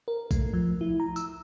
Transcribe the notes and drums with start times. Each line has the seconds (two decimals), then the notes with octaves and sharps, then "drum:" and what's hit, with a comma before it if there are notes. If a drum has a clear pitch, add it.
0.08 A#4
0.31 A3, drum: kick A#1, tambourine
0.53 F3
0.81 E4
1.00 A#5
1.16 E6, drum: tambourine